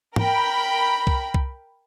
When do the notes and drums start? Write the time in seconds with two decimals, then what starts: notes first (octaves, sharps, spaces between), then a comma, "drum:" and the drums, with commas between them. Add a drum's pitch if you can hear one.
0.16 A#4 G5 B5, drum: tom
1.07 drum: kick C2
1.34 drum: kick C2